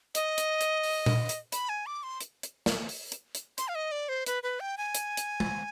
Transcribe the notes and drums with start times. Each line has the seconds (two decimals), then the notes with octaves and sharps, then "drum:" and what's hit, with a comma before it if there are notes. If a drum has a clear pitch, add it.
0.15 D#5, drum: hi-hat
0.38 drum: hi-hat
0.61 drum: hi-hat
0.84 drum: open hi-hat
1.06 drum: tom A#2
1.29 drum: hi-hat
1.52 B5, drum: hi-hat
1.69 G#5
1.86 D6
2.03 C6
2.21 drum: hi-hat
2.43 drum: hi-hat
2.66 drum: snare
2.89 drum: open hi-hat
3.12 drum: hi-hat
3.35 drum: hi-hat
3.58 C6, drum: hi-hat
3.68 F5
3.75 D#5
3.92 D5
4.09 C5
4.26 B4, drum: hi-hat
4.43 B4
4.60 G5
4.78 G#5
4.95 drum: hi-hat
5.17 drum: hi-hat
5.40 drum: tom